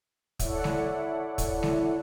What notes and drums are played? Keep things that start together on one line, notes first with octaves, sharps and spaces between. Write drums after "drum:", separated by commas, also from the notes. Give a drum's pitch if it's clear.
E4 A4 C#5 D5 E5 F#5, drum: kick, hi-hat
drum: snare G#3
drum: kick, hi-hat
drum: snare G#3